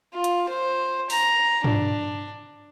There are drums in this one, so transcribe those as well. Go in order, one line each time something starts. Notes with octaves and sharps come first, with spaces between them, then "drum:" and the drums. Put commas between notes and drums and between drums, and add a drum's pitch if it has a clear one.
F4
drum: hi-hat
C5
A#5, drum: open hi-hat
D4, drum: tom